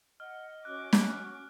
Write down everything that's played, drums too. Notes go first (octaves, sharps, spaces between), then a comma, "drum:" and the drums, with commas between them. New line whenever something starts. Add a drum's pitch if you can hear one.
D#5 F#5 F6
C#4 F#4 D6 F#6
drum: snare